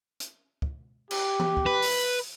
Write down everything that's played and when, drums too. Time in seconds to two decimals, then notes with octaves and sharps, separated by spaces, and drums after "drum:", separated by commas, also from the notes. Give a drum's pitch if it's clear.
0.20 drum: hi-hat
0.62 drum: kick
1.11 G4, drum: cymbal
1.39 drum: tom E3
1.57 drum: kick
1.66 B4
1.82 drum: open hi-hat